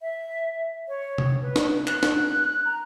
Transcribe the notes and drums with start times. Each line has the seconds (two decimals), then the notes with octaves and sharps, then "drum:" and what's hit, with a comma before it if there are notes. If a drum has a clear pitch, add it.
0.02 E5
0.88 C#5
1.18 drum: tom C3
1.42 B4
1.56 drum: snare
1.87 F#6, drum: clap
2.03 drum: snare
2.65 A#5